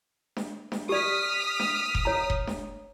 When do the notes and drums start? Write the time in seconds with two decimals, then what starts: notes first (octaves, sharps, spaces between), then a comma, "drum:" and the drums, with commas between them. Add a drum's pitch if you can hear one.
0.36 drum: snare D4
0.72 drum: snare D4
0.89 G4 D5 D#6 F6 B6
1.59 drum: snare D4
1.95 drum: kick F1
2.05 C#5 A#5
2.30 drum: kick F1
2.47 drum: snare D4